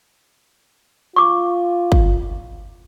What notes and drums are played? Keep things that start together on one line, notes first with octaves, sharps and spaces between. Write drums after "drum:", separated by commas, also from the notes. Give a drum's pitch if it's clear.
F4 C#6 D6
drum: kick